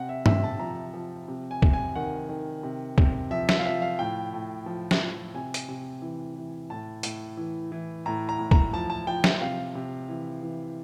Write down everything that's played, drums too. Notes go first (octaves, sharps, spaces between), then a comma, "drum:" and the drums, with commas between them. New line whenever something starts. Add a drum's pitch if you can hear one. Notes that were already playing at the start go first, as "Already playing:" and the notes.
Already playing: C3 F#5
E5
C3 E5, drum: tom G2
A5
F3 A#5
F3
C3
G#5
C3, drum: kick
G#5
D#3 F#5
D#3
C3
C3, drum: kick
F3 E5
E5, drum: snare
F5
F3 E5
F5
A2 G5
A2
F3
drum: snare
F3
C3 G#5
drum: hi-hat
C3
E3
E3
A2 A5
A2, drum: hi-hat
E3
E3
A2 A#5
A#5
A2
A#5, drum: kick
F3 A5
A5
F3 G5
G5, drum: snare
C3 F5
C3
E3
E3